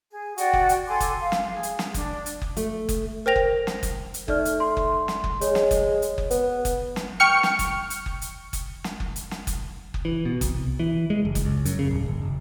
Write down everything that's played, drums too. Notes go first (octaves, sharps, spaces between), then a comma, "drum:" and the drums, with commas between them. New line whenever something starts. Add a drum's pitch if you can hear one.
G#4
F#4 D5 F#5 G5, drum: hi-hat
drum: kick F#1
drum: hi-hat
A4 G#5 C6 D6
drum: kick F#1, hi-hat
F5
drum: snare
G#4
drum: hi-hat
drum: snare
D4, drum: kick F#1, hi-hat
drum: hi-hat
drum: kick F#1
A3, drum: hi-hat
drum: kick F#1, hi-hat
A#4 C5 G5 A#6 F7
drum: kick F#1
drum: snare
drum: kick F#1, hi-hat
drum: hi-hat
A3 D#4 D5 F6, drum: kick F#1
drum: hi-hat
C6
drum: kick F#1
drum: snare
drum: kick F#1
G#3 C#5, drum: hi-hat
drum: snare
drum: kick F#1, hi-hat
drum: hi-hat
drum: kick F#1
B3, drum: hi-hat
drum: kick F#1, hi-hat
drum: snare
G5 C#6 F6 C#7
drum: snare
drum: kick F#1, hi-hat
drum: hi-hat
drum: kick F#1
drum: hi-hat
drum: kick F#1, hi-hat
drum: snare
drum: kick F#1
drum: hi-hat
drum: snare
drum: kick F#1, hi-hat
drum: kick F#1
E3
B2
C2, drum: kick F#1, hi-hat
E3
G#3
F#1
drum: kick F#1, hi-hat
C#2
F#2, drum: hi-hat
C#3
D#1
G1
F#1